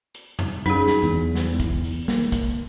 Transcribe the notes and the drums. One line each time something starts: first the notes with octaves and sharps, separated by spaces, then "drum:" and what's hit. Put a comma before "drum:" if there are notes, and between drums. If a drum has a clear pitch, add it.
drum: hi-hat
drum: tom F2
F#2 D#4 G#4, drum: hi-hat
drum: snare
E2
drum: snare
drum: kick, hi-hat
drum: open hi-hat
A#3, drum: snare
drum: kick, hi-hat